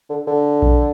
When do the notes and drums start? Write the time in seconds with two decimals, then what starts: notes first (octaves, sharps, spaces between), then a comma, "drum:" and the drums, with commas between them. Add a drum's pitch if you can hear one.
0.09 D3
0.27 D3
0.62 drum: kick A#1